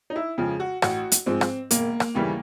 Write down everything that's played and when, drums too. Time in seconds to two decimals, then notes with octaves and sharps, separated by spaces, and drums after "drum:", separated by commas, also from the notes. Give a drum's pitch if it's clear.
0.10 D#4
0.16 E4
0.38 F2 C#3 F3 G#3
0.60 F#4
0.82 A1 F#4, drum: rim click
1.12 drum: hi-hat
1.26 G#2 F3 G#3 C4
1.41 drum: rim click
1.71 E1 A#3, drum: hi-hat
2.00 drum: rim click
2.15 D#2 C#3 E3 G3